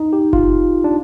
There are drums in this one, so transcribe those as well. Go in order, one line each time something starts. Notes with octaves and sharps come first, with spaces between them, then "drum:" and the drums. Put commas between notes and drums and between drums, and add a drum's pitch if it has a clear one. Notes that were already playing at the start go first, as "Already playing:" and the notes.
Already playing: D#4
G4
F4, drum: kick F#1
D4